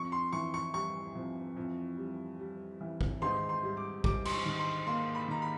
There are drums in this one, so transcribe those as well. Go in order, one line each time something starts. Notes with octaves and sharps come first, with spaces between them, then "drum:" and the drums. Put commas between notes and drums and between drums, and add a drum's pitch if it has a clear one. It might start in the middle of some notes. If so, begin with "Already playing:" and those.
Already playing: F2 C#6
C6
E3 C#6
C#6
G3 C#6
F2
F2
G3
G3
E3
drum: kick A1
G#2 C6, drum: tom D#3
C6
G3
D6
G3 D6, drum: kick A1
C6, drum: cymbal
C#6
D#3
C6
A#3 C6
B5
D#3 A#5
B5